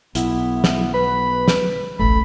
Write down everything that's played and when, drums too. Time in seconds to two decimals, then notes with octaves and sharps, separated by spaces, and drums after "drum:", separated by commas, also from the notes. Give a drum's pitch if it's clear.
0.15 B1 B3 E4, drum: hi-hat
0.64 drum: snare
0.94 B4 B5
1.48 drum: snare
1.99 D1 A1 A3 B5